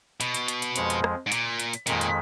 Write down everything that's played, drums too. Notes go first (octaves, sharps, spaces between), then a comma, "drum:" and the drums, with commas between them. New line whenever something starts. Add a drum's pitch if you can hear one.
B2, drum: hi-hat
drum: hi-hat
drum: hi-hat
drum: hi-hat
F2 F3 G#3, drum: hi-hat
drum: hi-hat
drum: rim click
G#2
A#2, drum: hi-hat
drum: hi-hat
drum: hi-hat
F2 A#2 D#3 G#3, drum: hi-hat
drum: hi-hat